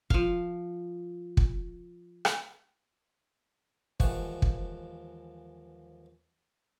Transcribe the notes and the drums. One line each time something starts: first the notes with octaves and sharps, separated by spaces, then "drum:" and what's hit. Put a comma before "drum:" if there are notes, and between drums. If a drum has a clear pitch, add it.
F3 F5, drum: kick
drum: kick
drum: rim click
D#2 G#2 E3 F3 F#5 C#6, drum: kick
drum: kick